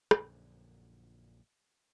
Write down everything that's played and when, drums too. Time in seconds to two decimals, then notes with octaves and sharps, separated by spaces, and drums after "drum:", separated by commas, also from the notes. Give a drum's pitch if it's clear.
0.11 A#1 F#2 D3, drum: rim click